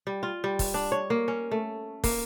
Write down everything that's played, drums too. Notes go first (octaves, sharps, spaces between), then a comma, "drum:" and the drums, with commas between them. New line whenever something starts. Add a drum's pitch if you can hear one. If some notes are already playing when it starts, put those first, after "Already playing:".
G3
F4
G3
drum: kick, open hi-hat
D4
C#5
A#3
C#4
A3
A#3, drum: kick, open hi-hat